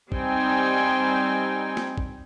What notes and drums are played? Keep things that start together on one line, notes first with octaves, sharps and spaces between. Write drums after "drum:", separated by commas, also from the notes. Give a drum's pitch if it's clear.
G3 C4 D#4 G5 G#5, drum: kick
drum: snare
drum: kick